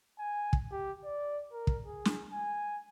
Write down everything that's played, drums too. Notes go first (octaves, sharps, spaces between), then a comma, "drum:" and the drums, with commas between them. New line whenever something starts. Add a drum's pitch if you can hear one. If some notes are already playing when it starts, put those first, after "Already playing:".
G#5
drum: kick
G4
D5
A#4
drum: kick
G#4
drum: snare
G#5